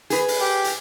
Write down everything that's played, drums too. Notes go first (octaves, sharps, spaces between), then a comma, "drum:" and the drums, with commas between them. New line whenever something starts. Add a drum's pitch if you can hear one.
G#4 B4, drum: hi-hat
drum: open hi-hat
G4
drum: hi-hat